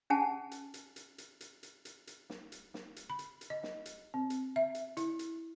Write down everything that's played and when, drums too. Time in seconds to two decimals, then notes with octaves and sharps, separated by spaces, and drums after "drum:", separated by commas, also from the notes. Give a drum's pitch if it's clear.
0.10 C#4 G#4 F#5 G#5 A5
0.51 drum: hi-hat
0.74 drum: hi-hat
0.96 drum: hi-hat
1.18 drum: hi-hat
1.41 drum: hi-hat
1.63 drum: hi-hat
1.85 drum: hi-hat
2.07 drum: hi-hat
2.30 drum: snare
2.52 drum: hi-hat
2.74 drum: snare
2.96 drum: hi-hat
3.10 B5
3.19 drum: hi-hat
3.41 drum: hi-hat
3.50 D#5
3.63 drum: snare
3.85 drum: hi-hat
4.14 C4
4.30 drum: hi-hat
4.56 E5
4.75 drum: hi-hat
4.97 E4, drum: hi-hat
5.19 drum: hi-hat